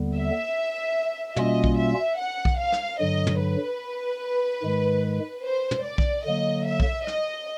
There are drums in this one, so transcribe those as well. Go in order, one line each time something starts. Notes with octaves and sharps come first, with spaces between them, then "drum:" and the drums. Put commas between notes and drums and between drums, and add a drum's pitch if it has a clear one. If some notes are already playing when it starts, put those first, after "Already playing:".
Already playing: D#2 D3 G3 B3
E5
B2 G3 A#3 C#4 F4 D#5, drum: tom
drum: kick B1
E5
F#5
drum: kick B1
F5
drum: rim click
G2 D3 F#3 D#5
drum: tom
B4
G#2 D#3 G#3
C5
drum: tom
D5
drum: kick B1
D3 F#3 A#3 D#5
E5
drum: kick B1
D#5, drum: rim click